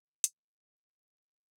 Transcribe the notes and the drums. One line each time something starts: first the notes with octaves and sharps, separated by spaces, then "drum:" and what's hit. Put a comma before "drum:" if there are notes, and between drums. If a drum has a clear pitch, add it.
D3
drum: hi-hat
A3
F6
E5
C6
G3